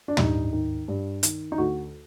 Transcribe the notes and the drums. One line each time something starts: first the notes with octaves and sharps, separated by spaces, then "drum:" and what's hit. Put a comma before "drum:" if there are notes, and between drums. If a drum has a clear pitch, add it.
D4
G2 D#4, drum: tom
D#3
G2
D#3, drum: hi-hat
D#4
D2 F#4